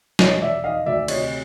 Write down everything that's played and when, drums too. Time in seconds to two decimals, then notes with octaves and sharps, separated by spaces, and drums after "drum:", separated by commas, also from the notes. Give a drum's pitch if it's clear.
0.19 E1 C#5 D#5, drum: snare
0.41 E1 D5 E5
0.64 D#3 D#5 F5
0.86 D2 D5 E5
1.08 C3 C#5 D#5, drum: cymbal